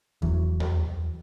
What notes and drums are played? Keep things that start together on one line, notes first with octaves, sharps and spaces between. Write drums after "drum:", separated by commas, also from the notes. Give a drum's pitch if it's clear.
E2 E3 F#3, drum: kick E2
drum: tom D#2